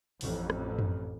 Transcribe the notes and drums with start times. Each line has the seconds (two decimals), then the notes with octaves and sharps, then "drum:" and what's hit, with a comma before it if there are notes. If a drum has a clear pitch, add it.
0.21 A1 F2, drum: open hi-hat
0.50 drum: rim click
0.79 drum: tom F#2